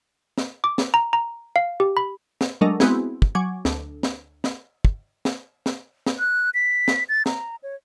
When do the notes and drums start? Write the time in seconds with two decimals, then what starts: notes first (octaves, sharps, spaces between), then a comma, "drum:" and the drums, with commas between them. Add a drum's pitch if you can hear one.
0.38 drum: snare
0.64 D6
0.78 drum: snare
0.94 A#5
1.13 A#5
1.56 F5
1.80 G4
1.97 B5
2.41 drum: snare
2.61 F#3 G#3 A3 D4 A#4 D#5
2.80 G#3 B3 C4 E4 F#4 G#4, drum: snare
3.22 drum: kick
3.35 F#3 G#5 D6 G#6
3.65 D2, drum: snare
4.03 drum: snare
4.44 drum: snare
4.85 drum: kick
5.25 drum: snare
5.66 drum: snare
6.06 drum: snare
6.19 F#6
6.54 B6
6.88 drum: snare
7.09 A6
7.26 A#5, drum: snare
7.63 C#5